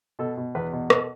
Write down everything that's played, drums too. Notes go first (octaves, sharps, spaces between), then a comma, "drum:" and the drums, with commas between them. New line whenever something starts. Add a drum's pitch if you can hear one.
B2 A4
B2
E2 B4
B2
B2 A4, drum: rim click